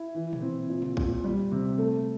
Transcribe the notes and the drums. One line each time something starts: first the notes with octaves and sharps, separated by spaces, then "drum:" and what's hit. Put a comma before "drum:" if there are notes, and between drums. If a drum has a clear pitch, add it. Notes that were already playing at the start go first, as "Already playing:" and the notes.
Already playing: E4
E3
drum: tom A#2
C4
A#2
drum: tom A#2
A#2, drum: kick
G3
C3
A3